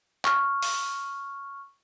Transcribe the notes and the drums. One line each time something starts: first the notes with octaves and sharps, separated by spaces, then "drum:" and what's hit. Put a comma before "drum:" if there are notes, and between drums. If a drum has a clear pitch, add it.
C#6 F6, drum: clap
drum: open hi-hat